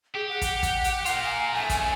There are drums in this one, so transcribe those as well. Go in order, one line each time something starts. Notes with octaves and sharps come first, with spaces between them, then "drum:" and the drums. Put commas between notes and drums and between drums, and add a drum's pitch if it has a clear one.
G4 G#4
F#5
drum: kick, hi-hat
drum: kick, hi-hat
drum: hi-hat
F4 A#4, drum: hi-hat
G#5
B1 A3 G#5
drum: kick, hi-hat